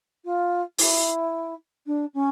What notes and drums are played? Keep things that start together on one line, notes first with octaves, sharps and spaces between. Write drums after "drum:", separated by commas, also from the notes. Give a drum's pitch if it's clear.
F4
E4, drum: open hi-hat
D4
C#4